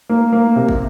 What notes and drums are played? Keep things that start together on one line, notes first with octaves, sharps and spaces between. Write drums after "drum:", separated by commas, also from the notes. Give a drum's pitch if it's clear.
A#3
A#3
C3
drum: kick